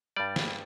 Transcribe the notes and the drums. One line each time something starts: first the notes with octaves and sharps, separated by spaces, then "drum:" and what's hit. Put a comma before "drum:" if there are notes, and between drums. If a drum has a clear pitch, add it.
G2 G3 D5
drum: snare